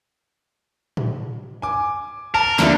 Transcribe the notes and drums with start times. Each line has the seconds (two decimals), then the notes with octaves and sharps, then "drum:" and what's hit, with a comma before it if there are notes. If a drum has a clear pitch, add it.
0.97 drum: tom A2
1.62 G#5 D6
2.34 A#4 A5
2.59 D#2 D3 D4 E4, drum: snare